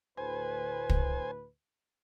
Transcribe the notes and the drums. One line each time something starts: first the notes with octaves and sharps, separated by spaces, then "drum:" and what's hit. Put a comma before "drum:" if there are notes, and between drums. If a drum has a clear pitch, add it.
D2 A2 B4 C5 G#5
drum: kick